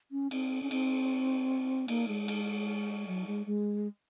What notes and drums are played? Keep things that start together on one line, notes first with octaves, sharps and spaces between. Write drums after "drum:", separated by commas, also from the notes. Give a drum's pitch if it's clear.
C#4
C4, drum: cymbal
C#4
C4, drum: cymbal
A#3, drum: cymbal
G#3
drum: cymbal
F#3
G#3
G#3